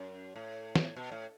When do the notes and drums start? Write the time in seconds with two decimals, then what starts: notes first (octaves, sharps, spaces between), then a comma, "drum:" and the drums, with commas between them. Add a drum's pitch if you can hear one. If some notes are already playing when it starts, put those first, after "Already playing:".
Already playing: F#2
0.36 A2
0.76 drum: snare
0.97 B2
1.12 A2